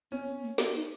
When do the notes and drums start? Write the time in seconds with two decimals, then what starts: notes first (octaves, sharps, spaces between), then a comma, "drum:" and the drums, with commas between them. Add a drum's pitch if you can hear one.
0.11 B3 C#4
0.27 B3
0.44 A#3
0.58 B3, drum: snare
0.75 D#4